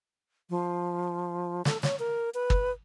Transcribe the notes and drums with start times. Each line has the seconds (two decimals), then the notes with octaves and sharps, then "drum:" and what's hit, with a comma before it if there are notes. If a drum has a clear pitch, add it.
0.50 F3
1.65 A4, drum: snare
1.83 C#5, drum: snare
2.00 A#4
2.34 B4
2.50 drum: kick